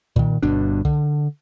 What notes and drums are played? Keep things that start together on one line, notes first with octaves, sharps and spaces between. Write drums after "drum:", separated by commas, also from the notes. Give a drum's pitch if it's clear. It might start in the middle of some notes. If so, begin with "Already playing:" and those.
A#2 D#3, drum: kick B1
G1 G2 B2 D4
D3, drum: kick B1